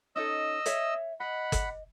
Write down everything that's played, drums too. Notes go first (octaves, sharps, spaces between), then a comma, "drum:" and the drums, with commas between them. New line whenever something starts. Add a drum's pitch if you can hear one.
C#4 D#4 A4 D#5 E6
C#5 E5, drum: hi-hat
D#5 F#5 B5
drum: kick G1, hi-hat